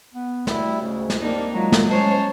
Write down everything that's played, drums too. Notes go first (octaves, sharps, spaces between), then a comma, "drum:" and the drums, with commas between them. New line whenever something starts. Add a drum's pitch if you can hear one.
B3
D2 G3 E4, drum: snare
G#2 C#3
drum: snare
G3 A#3 C4 D4 D#4
F#3 G#3 F4 A#5
drum: snare
C#4 C5 C#5 A5